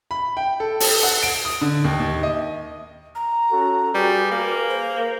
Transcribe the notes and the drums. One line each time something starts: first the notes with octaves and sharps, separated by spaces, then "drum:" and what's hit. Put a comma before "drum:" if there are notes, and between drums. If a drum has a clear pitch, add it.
B5
G5
A4
A4, drum: open hi-hat
F#5
D7
D#6
D3
D#2
D#2
D#5
A#5
C#4 F#4 A4
G3 F#4 G#4 B4
A#3 A#4
C5